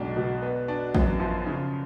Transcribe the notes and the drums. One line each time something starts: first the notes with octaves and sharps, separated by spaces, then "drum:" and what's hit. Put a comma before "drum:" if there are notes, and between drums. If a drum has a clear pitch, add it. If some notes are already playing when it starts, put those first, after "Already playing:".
Already playing: B1 G#3 D4
B2
B3
D4
F#2, drum: kick
F3
C#3